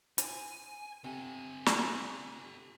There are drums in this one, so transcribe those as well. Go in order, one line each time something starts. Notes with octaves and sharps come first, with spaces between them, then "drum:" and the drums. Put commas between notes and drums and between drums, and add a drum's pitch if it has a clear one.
G#5, drum: hi-hat
C3 G4 A4 G#5
drum: snare